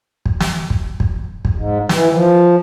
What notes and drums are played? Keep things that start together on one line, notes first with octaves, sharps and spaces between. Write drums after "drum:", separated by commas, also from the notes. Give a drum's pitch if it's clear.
drum: kick
drum: snare
drum: kick
drum: kick
drum: kick
G#2
E3, drum: snare
F3